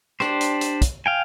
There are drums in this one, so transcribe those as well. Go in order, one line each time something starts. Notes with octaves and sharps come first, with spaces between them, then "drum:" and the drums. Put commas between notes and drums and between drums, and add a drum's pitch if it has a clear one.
D4 G4 C5, drum: rim click
drum: hi-hat
drum: hi-hat
drum: kick, hi-hat
F5 G5 G#5